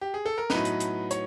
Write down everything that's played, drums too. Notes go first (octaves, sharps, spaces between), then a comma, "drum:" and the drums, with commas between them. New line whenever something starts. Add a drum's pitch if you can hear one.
G4
G#4
A4
A#4
A2 F#3 B3 D#4 B4, drum: snare
drum: hi-hat
drum: hi-hat
C#5, drum: hi-hat